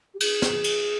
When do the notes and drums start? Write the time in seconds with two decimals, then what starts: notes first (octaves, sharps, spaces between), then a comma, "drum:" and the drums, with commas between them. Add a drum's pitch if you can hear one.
0.14 G4
0.20 G#4, drum: cymbal
0.42 drum: snare
0.64 drum: cymbal